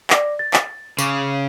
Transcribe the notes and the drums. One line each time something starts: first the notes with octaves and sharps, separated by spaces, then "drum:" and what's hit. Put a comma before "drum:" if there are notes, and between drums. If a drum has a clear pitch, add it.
D5 D6 A#6, drum: clap
A6
drum: clap
C#3 C#6 D6, drum: tambourine